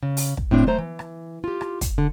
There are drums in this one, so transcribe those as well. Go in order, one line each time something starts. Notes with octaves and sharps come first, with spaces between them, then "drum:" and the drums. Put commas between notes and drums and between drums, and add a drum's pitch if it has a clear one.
C#3
drum: open hi-hat
drum: kick
A2 C4 D4
F#3 A3 C5 A#5
E3
drum: rim click
F4 G4
drum: rim click
drum: kick, hi-hat
D3